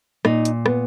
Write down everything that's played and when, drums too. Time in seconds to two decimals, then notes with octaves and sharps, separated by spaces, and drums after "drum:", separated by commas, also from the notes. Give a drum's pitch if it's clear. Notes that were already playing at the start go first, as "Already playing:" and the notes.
0.25 A#2 D#4, drum: rim click
0.45 drum: hi-hat
0.66 B3, drum: rim click